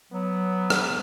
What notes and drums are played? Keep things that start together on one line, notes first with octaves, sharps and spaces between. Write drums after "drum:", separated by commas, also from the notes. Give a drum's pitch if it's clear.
F#3 B3
drum: rim click